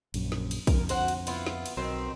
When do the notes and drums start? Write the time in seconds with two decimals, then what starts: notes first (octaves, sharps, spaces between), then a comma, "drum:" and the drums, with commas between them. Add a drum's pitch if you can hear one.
0.14 A#1 F#2, drum: cymbal
0.32 drum: snare
0.51 drum: cymbal
0.67 F2 D3 A#4, drum: kick, cymbal
0.89 F#4 C5 F#5, drum: cymbal
1.08 drum: cymbal
1.27 B3 E4 F4, drum: cymbal
1.47 drum: snare
1.66 drum: cymbal
1.77 B1 B2 D#3 C4